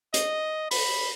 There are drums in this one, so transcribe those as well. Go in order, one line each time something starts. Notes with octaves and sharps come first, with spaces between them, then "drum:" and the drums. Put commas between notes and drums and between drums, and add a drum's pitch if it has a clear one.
D#5, drum: hi-hat
B5, drum: open hi-hat